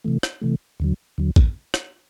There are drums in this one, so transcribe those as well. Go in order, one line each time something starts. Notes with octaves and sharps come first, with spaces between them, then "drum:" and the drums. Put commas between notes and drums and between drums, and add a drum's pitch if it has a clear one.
C3 E3 A3
drum: rim click
C3 E3 A3
D#2 D3 F#3
D#2 D3 F#3
drum: kick
drum: rim click